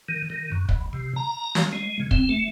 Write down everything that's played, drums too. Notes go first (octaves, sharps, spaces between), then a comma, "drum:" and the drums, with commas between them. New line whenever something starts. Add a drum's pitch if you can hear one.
D#3
D#3
F#2
B1, drum: kick
C3
A#5
drum: snare
G#3
C#3
C4, drum: kick
A3